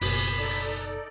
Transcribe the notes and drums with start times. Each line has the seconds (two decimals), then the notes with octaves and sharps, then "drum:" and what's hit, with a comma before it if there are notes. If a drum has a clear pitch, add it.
0.01 F#1 B2 B5, drum: open hi-hat
0.39 D#4 A4 D5